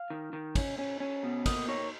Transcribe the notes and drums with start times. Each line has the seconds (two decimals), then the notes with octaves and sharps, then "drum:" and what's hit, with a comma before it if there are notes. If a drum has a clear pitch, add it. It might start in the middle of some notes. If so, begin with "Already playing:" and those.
Already playing: F5
0.10 D#3
0.33 D#3
0.55 C#4, drum: kick, cymbal
0.79 C#4
1.00 C#4
1.23 B2
1.46 A#3 D#5, drum: kick, cymbal
1.68 D#4 C#5